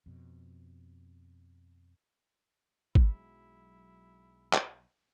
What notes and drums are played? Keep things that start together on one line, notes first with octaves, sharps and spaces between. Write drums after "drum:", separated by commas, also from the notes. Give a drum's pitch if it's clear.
F2 B2
B1 F#3 G#3 E4, drum: kick G#1
drum: clap